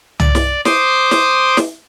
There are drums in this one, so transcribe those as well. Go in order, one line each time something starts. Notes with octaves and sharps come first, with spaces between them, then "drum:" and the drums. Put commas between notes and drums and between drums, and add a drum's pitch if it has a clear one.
D5, drum: tom
drum: snare
C5 C6 D6 D#6, drum: snare
drum: snare
drum: snare